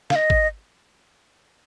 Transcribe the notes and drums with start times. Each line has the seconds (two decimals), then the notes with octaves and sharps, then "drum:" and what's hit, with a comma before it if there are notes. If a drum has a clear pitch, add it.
0.10 F5, drum: snare
0.16 D#5
0.30 drum: kick